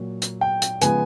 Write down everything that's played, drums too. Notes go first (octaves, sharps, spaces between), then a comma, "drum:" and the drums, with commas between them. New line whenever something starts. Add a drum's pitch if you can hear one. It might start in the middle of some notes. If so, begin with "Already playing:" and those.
Already playing: A#2 F#3 A#3
drum: hi-hat
G5
drum: hi-hat
C#3 F3 G#3 B3 G#5, drum: hi-hat